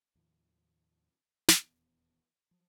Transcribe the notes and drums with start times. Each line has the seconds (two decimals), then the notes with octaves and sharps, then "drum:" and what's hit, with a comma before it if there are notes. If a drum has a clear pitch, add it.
0.15 D#2 A2 D#3 F3
1.48 D#1 E2 B3, drum: snare
2.51 F3 F#3